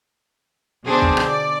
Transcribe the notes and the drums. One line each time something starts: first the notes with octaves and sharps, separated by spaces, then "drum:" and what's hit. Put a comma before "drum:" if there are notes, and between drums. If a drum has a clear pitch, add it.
B2 D3 C4 D4 G#4
drum: kick
drum: rim click
D5